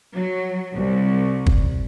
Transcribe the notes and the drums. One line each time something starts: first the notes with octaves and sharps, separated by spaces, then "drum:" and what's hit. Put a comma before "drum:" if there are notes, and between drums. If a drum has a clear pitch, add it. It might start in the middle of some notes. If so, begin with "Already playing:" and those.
F#3
C2
drum: kick